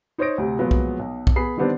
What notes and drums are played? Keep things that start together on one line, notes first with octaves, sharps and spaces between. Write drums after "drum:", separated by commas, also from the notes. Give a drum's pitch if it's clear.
D#4 C5 C#5 D#6 A#6 D7
D2 C3
A#2 F3 F#3 G#3 B3
drum: kick B1
B1
drum: kick B1
B3 G#4 B5 C7
D3 D#3 G3 B3 C4 D4